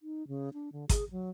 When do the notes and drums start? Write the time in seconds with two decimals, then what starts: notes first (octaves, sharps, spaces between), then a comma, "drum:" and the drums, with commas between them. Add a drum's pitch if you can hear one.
0.01 D#4
0.28 C#3
0.54 D4
0.72 D3
0.89 G#4, drum: kick, hi-hat
1.11 F#3